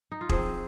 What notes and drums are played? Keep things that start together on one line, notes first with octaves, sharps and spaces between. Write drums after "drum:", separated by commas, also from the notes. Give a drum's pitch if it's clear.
D#4
F4
F3 C4 D#4 G#4, drum: kick E1